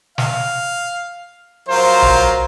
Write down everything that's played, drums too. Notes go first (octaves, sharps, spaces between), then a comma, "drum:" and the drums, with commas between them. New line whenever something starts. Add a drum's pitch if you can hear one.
F5, drum: snare
F#3 F4 A#4 C5
drum: tom B1